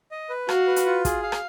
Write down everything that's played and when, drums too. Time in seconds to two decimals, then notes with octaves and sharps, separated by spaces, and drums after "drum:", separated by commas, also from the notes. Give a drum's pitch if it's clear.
0.11 D#5
0.29 B4
0.49 F#4 F5, drum: rim click
0.67 B4
0.76 drum: hi-hat
0.86 F4
1.05 G#4, drum: kick, hi-hat
1.23 F5
1.32 drum: rim click